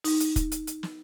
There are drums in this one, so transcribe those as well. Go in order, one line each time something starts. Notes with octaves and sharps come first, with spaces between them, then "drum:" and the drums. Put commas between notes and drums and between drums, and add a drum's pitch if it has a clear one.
D#4, drum: open hi-hat
drum: hi-hat
drum: kick, hi-hat
drum: hi-hat
drum: hi-hat
drum: snare